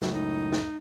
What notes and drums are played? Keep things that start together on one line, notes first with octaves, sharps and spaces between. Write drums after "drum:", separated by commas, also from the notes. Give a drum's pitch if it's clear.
C#2 F#2 A2 F#3, drum: snare
D#4
drum: snare